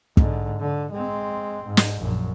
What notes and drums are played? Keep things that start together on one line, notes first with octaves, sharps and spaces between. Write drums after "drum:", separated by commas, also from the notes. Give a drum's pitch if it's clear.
G#2 D3, drum: kick
D3
G#3 C4
G#2
drum: snare
A#1 F#2